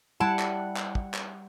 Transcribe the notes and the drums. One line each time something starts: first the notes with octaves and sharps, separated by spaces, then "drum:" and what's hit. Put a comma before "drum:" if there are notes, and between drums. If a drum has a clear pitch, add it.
G3 E4 F#5 A5
drum: clap
drum: clap
drum: kick
drum: clap